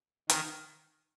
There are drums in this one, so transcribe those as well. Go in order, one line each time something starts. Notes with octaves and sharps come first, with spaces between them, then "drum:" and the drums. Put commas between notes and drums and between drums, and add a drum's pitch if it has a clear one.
D#3, drum: hi-hat